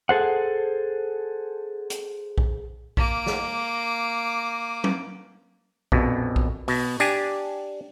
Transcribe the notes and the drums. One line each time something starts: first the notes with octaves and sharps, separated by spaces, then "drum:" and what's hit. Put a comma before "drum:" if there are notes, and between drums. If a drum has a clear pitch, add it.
G#4 A4 C5 F#5
drum: hi-hat
drum: kick A#1
A#3 D6, drum: kick A#1
drum: snare
drum: tom F#3
A#1 F2 B2, drum: kick A#1
drum: kick A#1
B2, drum: open hi-hat
D4 G4 G#5, drum: tambourine